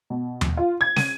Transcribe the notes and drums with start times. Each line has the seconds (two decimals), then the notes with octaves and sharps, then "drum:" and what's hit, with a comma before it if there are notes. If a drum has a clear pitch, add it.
0.10 B2
0.41 drum: tom D#2
0.57 F4
0.81 G#6
0.96 D#7, drum: snare